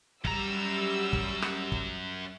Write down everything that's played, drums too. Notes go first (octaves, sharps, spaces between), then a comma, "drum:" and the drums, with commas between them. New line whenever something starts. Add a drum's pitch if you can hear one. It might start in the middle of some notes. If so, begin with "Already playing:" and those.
F#2 G3 A#5 E6, drum: kick
drum: kick
drum: rim click
drum: kick